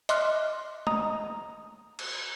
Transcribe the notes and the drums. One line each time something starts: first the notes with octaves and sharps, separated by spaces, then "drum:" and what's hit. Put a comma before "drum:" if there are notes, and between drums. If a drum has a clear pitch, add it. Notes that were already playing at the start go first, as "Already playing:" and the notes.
D#5 E5 C6 D6 F6 F#6, drum: hi-hat
D#5 A#5 D#6, drum: tom
drum: cymbal